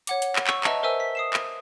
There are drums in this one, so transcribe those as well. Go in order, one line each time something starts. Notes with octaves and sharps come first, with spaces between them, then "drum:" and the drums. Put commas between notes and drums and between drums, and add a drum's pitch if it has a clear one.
C#5 F#5 D6, drum: hi-hat
drum: hi-hat
drum: clap
C#6 E6, drum: clap
B4 D#5 E5 A5 A#5, drum: clap
A#4 C5 E5 G#5 E6
B6
D#6 C7 E7
drum: clap